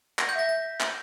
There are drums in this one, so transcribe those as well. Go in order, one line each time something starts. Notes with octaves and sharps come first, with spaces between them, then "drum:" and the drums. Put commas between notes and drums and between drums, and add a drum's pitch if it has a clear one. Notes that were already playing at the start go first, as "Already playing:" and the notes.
F#5 A#6, drum: clap
G6
E5 A#6
A#6
drum: clap